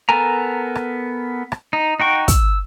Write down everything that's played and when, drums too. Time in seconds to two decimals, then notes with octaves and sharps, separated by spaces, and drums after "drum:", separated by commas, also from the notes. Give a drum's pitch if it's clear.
0.09 B3 A4 A#4 G#5 A#5
0.75 drum: rim click
1.52 drum: rim click
1.73 D#4
2.00 D#4 F#4 G5 C#6
2.28 E6, drum: kick, hi-hat